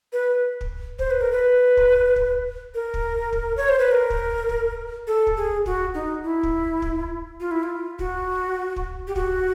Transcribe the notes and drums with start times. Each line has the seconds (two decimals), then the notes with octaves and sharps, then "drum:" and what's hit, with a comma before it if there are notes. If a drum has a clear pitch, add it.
0.13 B4
0.61 drum: kick
0.99 C5, drum: kick
1.11 B4
1.21 A#4
1.32 B4
1.77 drum: kick
2.16 drum: kick
2.75 A#4
2.94 drum: kick
3.33 drum: kick
3.57 C#5
3.69 C5
3.79 B4
3.91 A#4
4.10 drum: kick
4.49 drum: kick
5.07 A4
5.27 drum: kick
5.37 G#4
5.66 F#4, drum: kick
5.94 D#4
6.24 E4
6.43 drum: kick
6.82 drum: kick
7.40 F4
7.51 E4
7.63 F4
7.99 F#4, drum: kick
8.76 drum: kick
9.07 G4
9.16 F#4, drum: kick